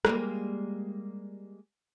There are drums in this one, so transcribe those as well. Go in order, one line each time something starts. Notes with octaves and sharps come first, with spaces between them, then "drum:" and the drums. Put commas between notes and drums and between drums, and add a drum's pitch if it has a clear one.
G3 G#3 A#3, drum: rim click